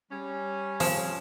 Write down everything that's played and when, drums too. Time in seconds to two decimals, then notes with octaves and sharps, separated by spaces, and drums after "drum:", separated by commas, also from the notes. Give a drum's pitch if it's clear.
0.10 G3 C#4
0.80 F3, drum: open hi-hat